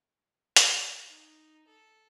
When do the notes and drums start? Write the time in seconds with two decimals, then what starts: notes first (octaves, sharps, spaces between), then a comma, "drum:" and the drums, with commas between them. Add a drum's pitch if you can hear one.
0.56 F5, drum: hi-hat
1.08 D#4
1.67 A4